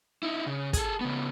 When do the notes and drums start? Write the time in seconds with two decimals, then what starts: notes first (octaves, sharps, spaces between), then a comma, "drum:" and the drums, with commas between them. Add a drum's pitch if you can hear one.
0.23 D#4 E4
0.46 C#3
0.73 G#4 A4, drum: kick, hi-hat
1.01 C#3 B3